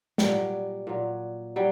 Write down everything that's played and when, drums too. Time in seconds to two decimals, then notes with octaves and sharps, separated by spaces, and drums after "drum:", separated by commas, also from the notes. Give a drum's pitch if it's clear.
0.18 A#2 F#3 G3, drum: snare
0.87 A#2 F#3
1.56 F#3 G3